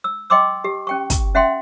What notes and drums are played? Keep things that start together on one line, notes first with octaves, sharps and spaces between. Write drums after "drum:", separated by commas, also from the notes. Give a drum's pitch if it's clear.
E6
D#5 G5 C6 D6 E6
G4
C#4 G5 C#6
drum: kick, hi-hat
C#4 E5 F#5 G5 C6